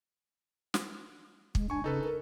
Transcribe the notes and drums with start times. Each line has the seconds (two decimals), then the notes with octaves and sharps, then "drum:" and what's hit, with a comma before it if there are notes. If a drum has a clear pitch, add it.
0.74 drum: snare
1.55 G#3, drum: kick
1.70 D4 G#5 C#6
1.84 C#3 D#4 A4 B4
2.04 A#4